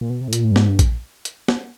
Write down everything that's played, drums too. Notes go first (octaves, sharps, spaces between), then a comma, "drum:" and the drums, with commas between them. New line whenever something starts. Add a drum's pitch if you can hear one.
A#2
B2
C3
A2
A#2, drum: hi-hat
A2
G2
G#2, drum: snare
G2
drum: kick A#1, hi-hat
drum: hi-hat
drum: snare